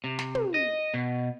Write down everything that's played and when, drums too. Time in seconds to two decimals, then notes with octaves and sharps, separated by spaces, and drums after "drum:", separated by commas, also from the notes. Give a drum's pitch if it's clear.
0.04 C3
0.19 drum: snare
0.35 drum: tom
0.54 D#5
0.94 B2